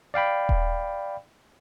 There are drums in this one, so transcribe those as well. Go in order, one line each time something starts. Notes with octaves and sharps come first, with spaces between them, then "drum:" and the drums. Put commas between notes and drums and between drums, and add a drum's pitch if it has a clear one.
D5 F5 G5 B5
drum: kick D#1